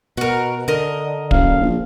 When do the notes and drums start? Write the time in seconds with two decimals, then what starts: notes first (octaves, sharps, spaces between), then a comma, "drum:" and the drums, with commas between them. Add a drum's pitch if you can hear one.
0.17 B2 F#4 A#4
0.68 D3 A#4 D#5
1.31 F#1 F5, drum: kick
1.62 A#1